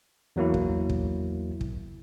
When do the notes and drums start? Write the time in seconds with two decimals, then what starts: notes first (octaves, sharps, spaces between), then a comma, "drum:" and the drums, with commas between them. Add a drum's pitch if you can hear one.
0.36 E2 F#3 A#3 E4
0.54 drum: kick
0.89 drum: kick
1.61 drum: kick